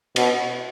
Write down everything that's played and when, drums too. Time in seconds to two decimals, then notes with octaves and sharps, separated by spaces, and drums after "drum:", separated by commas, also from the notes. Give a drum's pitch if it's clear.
0.16 B2, drum: cymbal